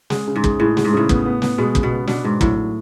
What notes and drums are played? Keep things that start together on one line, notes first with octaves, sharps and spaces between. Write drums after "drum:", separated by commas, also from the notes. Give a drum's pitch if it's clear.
G#3, drum: snare
C#3
G#2
G#3, drum: kick
A2 G#3
G#3, drum: snare
G#2
A2 C#3
B3, drum: kick
B3
B3, drum: snare
B2 G#3
C#3, drum: kick
B2
B3
B2 D4, drum: snare
G#2 D4
A2 F#3, drum: kick
F#3